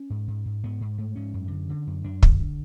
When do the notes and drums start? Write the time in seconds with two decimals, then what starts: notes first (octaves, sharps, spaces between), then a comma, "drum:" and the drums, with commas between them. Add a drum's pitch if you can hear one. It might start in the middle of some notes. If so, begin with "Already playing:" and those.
Already playing: C#4
0.10 G#2
0.28 G#2
0.46 G#2
0.64 G#2 B3
0.81 G#2
0.98 G#2 A3
1.16 G#2 C#4
1.34 F#2
1.51 D3
1.69 D3
1.87 F#2
2.04 F#2 D4
2.23 D3, drum: kick
2.40 D3